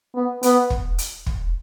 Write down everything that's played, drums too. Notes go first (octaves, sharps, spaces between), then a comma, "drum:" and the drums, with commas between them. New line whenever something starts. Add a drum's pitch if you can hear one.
B3
B3, drum: hi-hat
drum: kick
drum: hi-hat
drum: kick